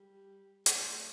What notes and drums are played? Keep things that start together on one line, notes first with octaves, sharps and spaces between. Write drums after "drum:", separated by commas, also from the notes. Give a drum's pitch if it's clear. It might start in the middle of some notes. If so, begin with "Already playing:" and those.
Already playing: G3
A3, drum: hi-hat